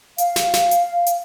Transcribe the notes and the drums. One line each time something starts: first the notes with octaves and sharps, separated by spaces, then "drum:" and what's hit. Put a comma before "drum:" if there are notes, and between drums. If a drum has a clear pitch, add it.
F5, drum: hi-hat
drum: snare
drum: snare
drum: hi-hat
drum: hi-hat